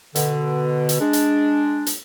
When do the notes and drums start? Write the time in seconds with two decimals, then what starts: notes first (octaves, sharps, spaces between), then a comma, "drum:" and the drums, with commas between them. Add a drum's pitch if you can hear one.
0.15 B2 D3, drum: hi-hat
0.89 drum: hi-hat
1.01 G#3 D4
1.13 drum: hi-hat
1.87 drum: hi-hat